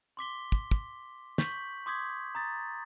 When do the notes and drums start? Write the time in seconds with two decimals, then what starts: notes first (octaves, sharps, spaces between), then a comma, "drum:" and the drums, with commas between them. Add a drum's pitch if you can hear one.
0.17 C6 D6 B6 G7
0.52 drum: kick
0.71 drum: kick
1.38 C#6 G6 B6 F#7, drum: snare
1.86 C6 D6 D#6 G6 G#6 B6
2.35 A#5 D#6 A6